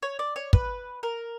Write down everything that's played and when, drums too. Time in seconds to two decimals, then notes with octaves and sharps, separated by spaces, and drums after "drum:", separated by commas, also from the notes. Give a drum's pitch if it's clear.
0.02 C#5
0.19 D5
0.36 C#5
0.53 B4, drum: kick
1.03 A#4